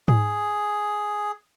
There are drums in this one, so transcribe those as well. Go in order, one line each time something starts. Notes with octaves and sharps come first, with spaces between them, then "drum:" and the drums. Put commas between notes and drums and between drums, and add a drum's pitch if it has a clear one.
G#4, drum: tom G#2